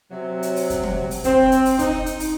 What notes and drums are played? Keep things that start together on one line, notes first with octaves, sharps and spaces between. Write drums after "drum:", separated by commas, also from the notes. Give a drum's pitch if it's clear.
C3 F#3
drum: hi-hat
drum: open hi-hat
drum: kick, hi-hat
drum: tom
drum: open hi-hat
C4, drum: kick, hi-hat
drum: hi-hat
drum: open hi-hat
D#4, drum: kick, hi-hat
drum: hi-hat
drum: open hi-hat